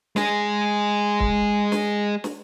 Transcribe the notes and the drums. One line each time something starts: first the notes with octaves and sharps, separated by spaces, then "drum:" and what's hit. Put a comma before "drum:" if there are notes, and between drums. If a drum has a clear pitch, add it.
G#3 G#4, drum: snare
drum: kick
drum: snare
drum: snare